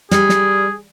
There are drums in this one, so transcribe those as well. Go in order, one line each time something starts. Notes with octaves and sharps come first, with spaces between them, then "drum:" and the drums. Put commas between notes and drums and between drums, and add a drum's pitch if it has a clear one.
G3 G#4, drum: snare
drum: snare